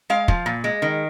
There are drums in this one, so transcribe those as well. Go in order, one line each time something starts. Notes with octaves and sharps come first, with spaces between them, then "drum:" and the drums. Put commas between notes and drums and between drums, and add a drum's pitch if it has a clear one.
G#3 F5
F3, drum: kick
A#2
G#3
D#3